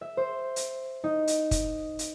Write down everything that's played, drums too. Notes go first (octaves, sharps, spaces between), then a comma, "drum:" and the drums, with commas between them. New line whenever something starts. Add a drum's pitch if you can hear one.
E5
C5
drum: hi-hat
D#4
drum: hi-hat
drum: kick, hi-hat
drum: hi-hat